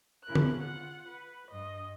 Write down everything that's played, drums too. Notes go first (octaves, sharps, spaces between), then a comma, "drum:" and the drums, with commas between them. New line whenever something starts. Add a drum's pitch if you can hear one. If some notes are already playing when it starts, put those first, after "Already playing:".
C#3 E4 A#4 F#6
drum: tom D3
F4 F#5
B4
G2 D#5